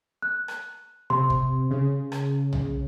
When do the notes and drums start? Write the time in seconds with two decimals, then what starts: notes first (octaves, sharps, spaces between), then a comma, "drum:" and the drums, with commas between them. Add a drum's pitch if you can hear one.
0.22 F#6
0.48 drum: rim click
1.10 C3 C6
1.30 drum: kick
1.71 C#3
2.12 drum: rim click
2.53 drum: tom